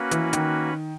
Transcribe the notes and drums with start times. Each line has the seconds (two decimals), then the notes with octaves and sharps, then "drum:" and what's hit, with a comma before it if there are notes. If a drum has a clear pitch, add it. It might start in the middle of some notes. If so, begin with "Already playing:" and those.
Already playing: A#3 C#4 F#4 B4
0.11 E3, drum: hi-hat
0.33 D#3, drum: hi-hat